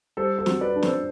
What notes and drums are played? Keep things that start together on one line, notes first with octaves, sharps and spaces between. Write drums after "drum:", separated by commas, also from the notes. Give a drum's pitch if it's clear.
G3 A4 C5
A4 C5
F#4, drum: snare
B4 D5
D4
A4 C5, drum: snare